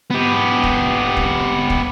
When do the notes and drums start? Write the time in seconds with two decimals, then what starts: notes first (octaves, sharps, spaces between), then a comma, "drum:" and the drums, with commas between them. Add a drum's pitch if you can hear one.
0.10 B3 G4
0.63 drum: kick
1.17 drum: kick
1.70 drum: kick